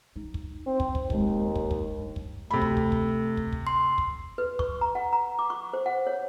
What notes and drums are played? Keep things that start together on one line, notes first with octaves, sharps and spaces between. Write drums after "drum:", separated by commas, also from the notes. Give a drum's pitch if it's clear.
D#4
drum: kick
C4
drum: kick
drum: kick
E1 D#2 G#3, drum: kick
drum: kick
drum: kick
G2
drum: kick
C3 A3 B5
drum: kick
drum: kick
drum: kick
drum: kick
drum: kick
C6
drum: kick
B4
C#6, drum: kick
A#5
F#5
A#5
D6
C#6
C5
F#5
C#5